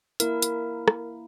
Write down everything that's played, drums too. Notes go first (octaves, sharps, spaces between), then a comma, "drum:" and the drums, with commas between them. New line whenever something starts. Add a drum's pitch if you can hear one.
A#3 E4 A#4, drum: hi-hat
drum: hi-hat
drum: rim click